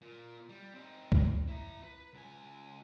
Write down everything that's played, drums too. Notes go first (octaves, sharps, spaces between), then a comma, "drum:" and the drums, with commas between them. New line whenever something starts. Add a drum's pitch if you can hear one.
A#2
G3
C4 D#4
drum: kick C#2
E4 A#5
B4
C#2 G#5